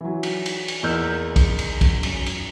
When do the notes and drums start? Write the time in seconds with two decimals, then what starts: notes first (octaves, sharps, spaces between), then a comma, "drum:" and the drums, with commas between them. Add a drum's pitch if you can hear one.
0.01 E3 F#3
0.23 drum: cymbal
0.46 drum: cymbal
0.68 drum: cymbal
0.83 E2 A#3 D#5 E6 F6 G6
1.36 drum: kick, cymbal
1.59 drum: cymbal
1.81 drum: kick, cymbal
2.03 F#2, drum: cymbal
2.26 drum: cymbal